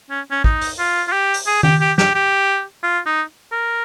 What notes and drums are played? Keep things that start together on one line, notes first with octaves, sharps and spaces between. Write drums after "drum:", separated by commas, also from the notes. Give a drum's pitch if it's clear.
C#4
C#4
D#4, drum: kick
drum: open hi-hat
F4
F4
G4
drum: open hi-hat
G#4
G4, drum: tom D#3
G4
G4, drum: snare
G4
F4
D#4
A#4